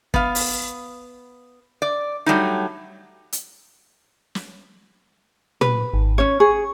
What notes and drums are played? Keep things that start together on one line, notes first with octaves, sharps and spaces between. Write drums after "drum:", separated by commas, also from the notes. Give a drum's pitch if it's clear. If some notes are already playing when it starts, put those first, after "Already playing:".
B3 F5, drum: kick
drum: open hi-hat
D5
F#3 G3 A3 D#4
drum: hi-hat
drum: snare
B4, drum: tom
G#1
C#4 C#5
G#4 C#6